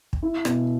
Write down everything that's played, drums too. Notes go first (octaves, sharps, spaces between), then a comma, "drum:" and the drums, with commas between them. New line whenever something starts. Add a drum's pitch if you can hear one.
drum: kick
E4
B2, drum: rim click